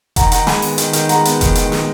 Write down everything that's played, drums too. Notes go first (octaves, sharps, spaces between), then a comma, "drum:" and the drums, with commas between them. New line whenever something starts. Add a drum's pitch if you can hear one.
D#3 F#5 A#5, drum: kick F1, hi-hat
D#3 F#5 A#5, drum: hi-hat
G#3 G#5 B5, drum: snare
B3, drum: open hi-hat
D#3, drum: hi-hat
D#3, drum: hi-hat
G#3 F#5 A#5, drum: hi-hat
B3, drum: hi-hat
D#3, drum: kick F1, hi-hat
D#3, drum: hi-hat
G#3, drum: snare